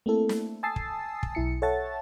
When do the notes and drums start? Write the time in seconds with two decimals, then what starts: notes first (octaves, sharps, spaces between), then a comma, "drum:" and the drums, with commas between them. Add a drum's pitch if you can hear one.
0.06 A3 A#3 C4 E4 A4
0.29 drum: snare
0.63 G#5 A5 D#6 E6 A6 C7
0.76 drum: kick
1.23 drum: kick
1.35 B1 E4 C#7
1.62 A4 C#5 E5 F#5 A5 A6